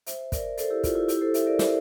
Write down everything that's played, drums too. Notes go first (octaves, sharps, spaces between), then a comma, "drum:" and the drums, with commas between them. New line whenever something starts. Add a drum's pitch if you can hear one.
C5 E5, drum: hi-hat
A#4 D5, drum: kick, hi-hat
A4 C5, drum: hi-hat
E4 G4
F4, drum: kick, hi-hat
E4
E4 G4, drum: hi-hat
A4 C5
C5 E5, drum: hi-hat
A#4 D5
C5 E5, drum: snare